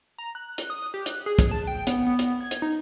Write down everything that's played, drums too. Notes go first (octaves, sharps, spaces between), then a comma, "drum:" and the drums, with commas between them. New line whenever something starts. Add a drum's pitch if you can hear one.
A#5
F#6
drum: hi-hat
D#6
G4
F#6, drum: hi-hat
G#4
drum: kick, hi-hat
A5
G5
B3, drum: hi-hat
B3
drum: hi-hat
G#6
drum: hi-hat
D#4